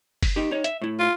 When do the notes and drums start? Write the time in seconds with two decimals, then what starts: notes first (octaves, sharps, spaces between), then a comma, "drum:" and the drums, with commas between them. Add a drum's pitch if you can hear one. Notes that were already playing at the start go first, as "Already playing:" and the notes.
0.23 drum: kick F#1, open hi-hat
0.36 D#4 G4
0.51 D#4 C#5
0.64 E5, drum: hi-hat
0.82 A2 E4
0.99 F4